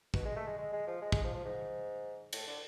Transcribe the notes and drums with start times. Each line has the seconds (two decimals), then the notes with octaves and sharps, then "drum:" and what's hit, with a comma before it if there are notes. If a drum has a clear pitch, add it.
0.14 B2, drum: kick
0.25 G#3
0.36 A3
0.47 G#3
0.58 G#3
0.72 G#3
0.87 F3
1.01 G#3
1.12 G#3, drum: kick
1.24 F3
1.34 F3
1.45 G#2
2.33 A2, drum: cymbal
2.47 D3